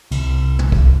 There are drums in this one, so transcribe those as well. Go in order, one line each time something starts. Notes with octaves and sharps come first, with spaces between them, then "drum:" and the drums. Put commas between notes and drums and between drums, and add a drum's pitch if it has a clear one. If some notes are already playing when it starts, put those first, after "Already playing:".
C2, drum: cymbal
drum: tom
drum: kick